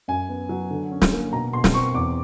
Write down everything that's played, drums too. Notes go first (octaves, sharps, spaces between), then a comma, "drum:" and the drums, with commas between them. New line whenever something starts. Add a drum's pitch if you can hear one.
F#2 G#5
B3
F#3
D3
C#4
drum: snare
A#3
B2 A#5
B2 C6
drum: snare
C4 C#6
E2 D6